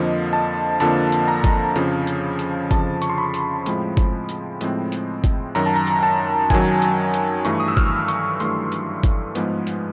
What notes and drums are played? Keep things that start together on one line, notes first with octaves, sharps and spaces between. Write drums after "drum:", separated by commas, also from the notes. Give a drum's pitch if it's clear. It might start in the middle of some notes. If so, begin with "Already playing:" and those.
Already playing: F2 D3 F3 A#3 D#5
A5
F2 D3 F3 A#3 A5, drum: hi-hat
drum: hi-hat
A#5
drum: kick G1, hi-hat
F2 C#3 F3, drum: hi-hat
drum: hi-hat
drum: hi-hat
F2 C#3 F3 A5, drum: kick G1, hi-hat
C#6, drum: hi-hat
C6
B5
drum: hi-hat
A2 F3 G#3 C4, drum: hi-hat
drum: kick G1, hi-hat
drum: hi-hat
A2 F3 G#3 C4, drum: hi-hat
drum: hi-hat
drum: kick G1, hi-hat
F#2 D#3 F#3 A#5, drum: hi-hat
A5
A#5
drum: hi-hat
A5
F#2 D#3 F#3 G#5, drum: kick G1, hi-hat
drum: hi-hat
drum: hi-hat
G2 E3 A3 C#6, drum: hi-hat
D#6
E6
F6, drum: kick G1, hi-hat
C#6, drum: hi-hat
G2 E3 A3 C6, drum: hi-hat
drum: hi-hat
drum: kick G1, hi-hat
G#2 F3 G#3 B3, drum: hi-hat
drum: hi-hat